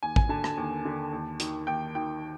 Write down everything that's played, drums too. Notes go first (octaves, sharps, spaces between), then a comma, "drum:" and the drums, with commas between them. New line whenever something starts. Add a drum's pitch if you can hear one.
D#2 G#5
G#5, drum: kick
D3 A5
A5, drum: rim click
D#2
D3
D#2
D#3, drum: hi-hat
D#2 G5
D#3 G5